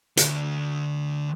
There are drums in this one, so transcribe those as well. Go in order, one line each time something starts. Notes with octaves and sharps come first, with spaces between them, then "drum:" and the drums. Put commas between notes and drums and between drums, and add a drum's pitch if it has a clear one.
D2 D3, drum: hi-hat